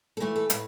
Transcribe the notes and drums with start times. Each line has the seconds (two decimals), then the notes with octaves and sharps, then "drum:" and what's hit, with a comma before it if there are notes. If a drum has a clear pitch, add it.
0.17 A4
0.20 E3 A3 F#4
0.36 A4
0.50 A2 B4, drum: hi-hat